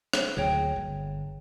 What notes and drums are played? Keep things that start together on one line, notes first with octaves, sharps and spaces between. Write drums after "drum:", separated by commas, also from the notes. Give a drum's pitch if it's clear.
drum: rim click
D2 A#2 F#3 G#4 C#5 G5
G1